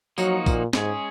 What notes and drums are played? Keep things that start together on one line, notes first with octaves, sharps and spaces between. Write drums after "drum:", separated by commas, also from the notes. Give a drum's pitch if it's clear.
F3 F#3 A#3 D#4 F#4, drum: tambourine
A#2, drum: kick, tambourine
G#2 G#3 C#4 G#4, drum: snare